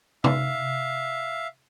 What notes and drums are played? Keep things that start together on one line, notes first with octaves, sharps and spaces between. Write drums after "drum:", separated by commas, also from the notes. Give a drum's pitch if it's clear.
E5 F5, drum: tom C3